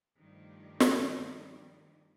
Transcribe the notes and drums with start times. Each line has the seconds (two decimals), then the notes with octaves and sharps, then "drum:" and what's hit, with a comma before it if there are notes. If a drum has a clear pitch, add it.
0.18 G2 D#3 F3 G3 A3 D4
0.80 drum: snare